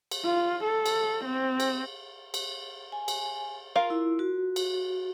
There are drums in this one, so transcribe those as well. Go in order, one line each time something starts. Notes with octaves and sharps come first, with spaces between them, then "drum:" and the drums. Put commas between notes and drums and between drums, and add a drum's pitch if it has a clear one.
drum: cymbal
F4
A4
drum: cymbal
C4
drum: cymbal
drum: cymbal
G#5
drum: cymbal
F4 A#4 F5
E4
F#4
drum: cymbal